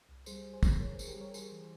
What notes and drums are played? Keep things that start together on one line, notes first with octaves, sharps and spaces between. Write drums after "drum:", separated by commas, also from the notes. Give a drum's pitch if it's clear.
C2
G3 G#4 C5, drum: tambourine
G3
G#4 C5
G3, drum: kick, tambourine
E3 A#4 C#5
G#4 C5
C#3, drum: tambourine
G4 A#4
G3
A#4 C#5
G3 G#4 C5, drum: tambourine
E3